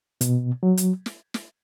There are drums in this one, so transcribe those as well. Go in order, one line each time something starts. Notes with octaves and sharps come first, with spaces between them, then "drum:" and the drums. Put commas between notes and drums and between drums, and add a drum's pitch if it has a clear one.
B2, drum: hi-hat
F#3
drum: hi-hat
drum: snare
drum: snare